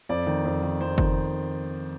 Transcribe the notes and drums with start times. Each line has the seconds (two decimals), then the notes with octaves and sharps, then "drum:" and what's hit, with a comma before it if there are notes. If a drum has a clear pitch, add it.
0.09 F2 D5
0.27 D#3
0.45 F2
0.63 D#3
0.81 F2 C5
0.98 D#3, drum: kick